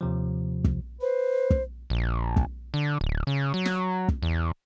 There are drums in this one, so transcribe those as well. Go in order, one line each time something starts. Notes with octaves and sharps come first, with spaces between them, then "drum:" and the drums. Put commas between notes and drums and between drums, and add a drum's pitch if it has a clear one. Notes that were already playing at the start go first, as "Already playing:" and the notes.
D#2 C3 F3
drum: kick
B4 C5
drum: kick
A#1
drum: kick
D3
D1
C#3
F#3
drum: snare
drum: kick
E2